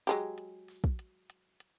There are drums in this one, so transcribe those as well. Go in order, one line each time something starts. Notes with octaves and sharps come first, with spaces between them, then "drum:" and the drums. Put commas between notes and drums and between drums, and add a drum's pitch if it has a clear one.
F#3 G#3 G4, drum: hi-hat
drum: hi-hat
drum: open hi-hat
drum: kick
drum: hi-hat
drum: hi-hat
drum: hi-hat